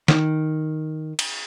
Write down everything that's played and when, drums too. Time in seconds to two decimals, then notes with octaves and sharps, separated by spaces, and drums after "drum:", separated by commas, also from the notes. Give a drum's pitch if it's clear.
0.08 D#3, drum: snare
1.19 drum: cymbal